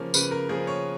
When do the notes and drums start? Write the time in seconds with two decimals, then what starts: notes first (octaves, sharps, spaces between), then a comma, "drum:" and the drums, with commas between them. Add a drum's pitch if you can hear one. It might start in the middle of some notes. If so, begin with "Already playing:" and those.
Already playing: C#3 F3 A#3 C#4
0.14 C#3 B4, drum: tambourine
0.31 A#4
0.49 F3 A#3 C#4 G#4
0.67 C#5